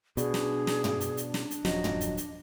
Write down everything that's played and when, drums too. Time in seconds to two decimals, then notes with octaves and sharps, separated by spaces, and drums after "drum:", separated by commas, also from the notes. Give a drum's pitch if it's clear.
0.17 B2 D4 G#4, drum: hi-hat
0.34 drum: snare
0.67 drum: snare
0.84 drum: tom
1.01 drum: hi-hat
1.17 drum: hi-hat
1.34 drum: snare
1.51 drum: hi-hat
1.65 D#1 F3 F#3 D#5, drum: snare
1.84 drum: tom
2.01 drum: hi-hat
2.17 drum: hi-hat